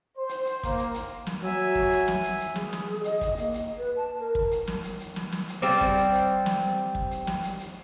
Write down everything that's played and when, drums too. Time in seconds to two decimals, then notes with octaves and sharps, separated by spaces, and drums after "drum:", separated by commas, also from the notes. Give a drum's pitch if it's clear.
0.18 C5
0.29 drum: hi-hat
0.45 drum: hi-hat
0.63 A#3, drum: kick, hi-hat
0.78 drum: hi-hat
0.94 drum: hi-hat
1.27 drum: snare
1.43 F#3 E5 G#5
1.75 drum: kick
1.91 drum: hi-hat
2.08 drum: snare
2.24 drum: hi-hat
2.40 drum: hi-hat
2.56 G#4, drum: snare
2.73 drum: snare
3.04 D#5, drum: hi-hat
3.21 drum: kick, hi-hat
3.38 A#3, drum: hi-hat
3.54 drum: hi-hat
3.78 B4
3.97 A5
4.20 A#4
4.35 drum: kick
4.51 drum: hi-hat
4.67 drum: snare
4.84 drum: hi-hat
5.00 drum: hi-hat
5.16 drum: snare
5.32 drum: snare
5.49 drum: hi-hat
5.62 G3 C4 D5, drum: hi-hat
5.81 drum: kick, hi-hat
5.97 drum: hi-hat
6.14 drum: hi-hat
6.46 drum: snare
6.95 drum: kick
7.11 drum: hi-hat
7.27 drum: snare
7.43 drum: hi-hat
7.60 drum: hi-hat